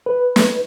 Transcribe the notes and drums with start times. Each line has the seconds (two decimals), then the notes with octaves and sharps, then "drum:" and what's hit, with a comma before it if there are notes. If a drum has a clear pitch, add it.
0.06 B4
0.36 drum: snare